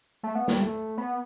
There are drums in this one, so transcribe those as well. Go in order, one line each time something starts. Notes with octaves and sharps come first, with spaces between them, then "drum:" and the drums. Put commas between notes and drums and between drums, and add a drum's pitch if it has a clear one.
A3
B3
G3, drum: snare
A3
B3